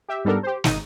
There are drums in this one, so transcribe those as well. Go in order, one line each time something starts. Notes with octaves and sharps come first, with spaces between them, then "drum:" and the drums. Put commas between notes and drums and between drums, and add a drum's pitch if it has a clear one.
G4 E5
G#2 G3 B3 D4 A4 A#4
G4 C5
G#1 D#4 D#7, drum: snare